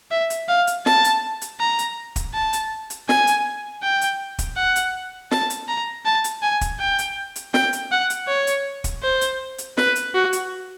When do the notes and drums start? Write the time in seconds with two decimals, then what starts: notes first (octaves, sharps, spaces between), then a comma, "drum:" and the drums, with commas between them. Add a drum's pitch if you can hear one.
0.11 E5
0.30 drum: hi-hat
0.49 F5
0.67 drum: hi-hat
0.86 A5, drum: snare
1.04 drum: hi-hat
1.41 drum: hi-hat
1.60 A#5
1.79 drum: hi-hat
2.16 drum: kick, hi-hat
2.34 A5
2.53 drum: hi-hat
2.90 drum: hi-hat
3.09 G#5, drum: snare
3.27 drum: hi-hat
3.83 G5
4.01 drum: hi-hat
4.39 drum: kick, hi-hat
4.56 F#5
4.76 drum: hi-hat
5.31 A5, drum: snare
5.50 drum: hi-hat
5.68 A#5
6.05 A5
6.24 drum: hi-hat
6.42 G#5
6.61 drum: kick, hi-hat
6.80 G5
6.98 drum: hi-hat
7.36 drum: hi-hat
7.54 G5, drum: snare
7.73 drum: hi-hat
7.91 F#5
8.10 drum: hi-hat
8.28 C#5
8.47 drum: hi-hat
8.84 drum: kick, hi-hat
9.03 C5
9.21 drum: hi-hat
9.58 drum: hi-hat
9.78 B4, drum: snare
9.95 drum: hi-hat
10.14 F#4
10.33 drum: hi-hat